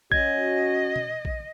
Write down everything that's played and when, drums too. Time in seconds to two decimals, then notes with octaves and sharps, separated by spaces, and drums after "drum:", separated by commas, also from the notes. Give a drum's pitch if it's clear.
0.12 C#4 F#4 D#5 G#6, drum: kick
0.96 drum: tom B2
1.25 drum: kick